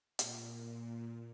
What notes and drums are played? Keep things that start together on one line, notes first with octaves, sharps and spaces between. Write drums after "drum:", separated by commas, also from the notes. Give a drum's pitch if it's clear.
A#2, drum: hi-hat